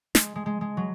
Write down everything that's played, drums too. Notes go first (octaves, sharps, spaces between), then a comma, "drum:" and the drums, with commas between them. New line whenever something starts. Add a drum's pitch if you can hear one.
G#3, drum: snare
G#3
G#3
G#3
F#3